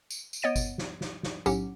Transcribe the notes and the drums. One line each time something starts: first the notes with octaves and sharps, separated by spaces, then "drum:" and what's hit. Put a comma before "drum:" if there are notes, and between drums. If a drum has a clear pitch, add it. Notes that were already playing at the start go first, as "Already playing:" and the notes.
drum: tambourine
drum: tambourine
B3 C#5 D#5 A6 D7 D#7
drum: kick G1, tambourine
drum: snare
drum: snare
drum: snare
B1 A2 F#3 C#4 G4 F#5, drum: tambourine